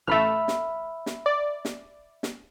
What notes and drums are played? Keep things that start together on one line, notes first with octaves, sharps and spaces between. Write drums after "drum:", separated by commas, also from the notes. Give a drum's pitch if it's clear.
A1 A3 E5 B5 F6
drum: snare
drum: snare
D5
drum: snare
drum: snare